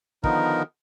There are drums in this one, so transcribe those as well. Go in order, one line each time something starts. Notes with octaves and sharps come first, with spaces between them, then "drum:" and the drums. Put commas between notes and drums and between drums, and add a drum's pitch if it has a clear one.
D3 D#3 F3 B3 D#4 A#4, drum: kick